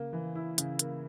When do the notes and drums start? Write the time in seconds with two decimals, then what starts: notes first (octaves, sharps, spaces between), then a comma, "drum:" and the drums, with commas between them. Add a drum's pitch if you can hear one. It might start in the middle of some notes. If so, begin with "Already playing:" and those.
Already playing: C#3 A#3
0.13 E3
0.35 E4
0.58 C#3, drum: hi-hat
0.79 A#3, drum: hi-hat